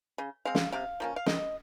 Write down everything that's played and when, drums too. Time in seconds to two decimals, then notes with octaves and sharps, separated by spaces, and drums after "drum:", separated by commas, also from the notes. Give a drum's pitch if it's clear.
0.18 C#3
0.45 G#3 C4 F5
0.55 drum: snare
0.72 C3 F5
1.00 F3 A#3 C#4
1.16 F5
1.26 D#3 D#5, drum: snare